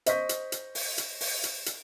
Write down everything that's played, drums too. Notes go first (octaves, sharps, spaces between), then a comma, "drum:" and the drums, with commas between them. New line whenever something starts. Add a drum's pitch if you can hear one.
C5 D#5 C#6 G6 B6, drum: hi-hat
drum: hi-hat
drum: hi-hat
drum: open hi-hat
drum: hi-hat
drum: open hi-hat
drum: hi-hat
drum: hi-hat